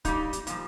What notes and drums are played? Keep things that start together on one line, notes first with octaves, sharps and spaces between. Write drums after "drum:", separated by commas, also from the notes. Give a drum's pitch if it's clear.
A#2 G3 D#4, drum: kick, hi-hat
drum: hi-hat
A#2 F3, drum: hi-hat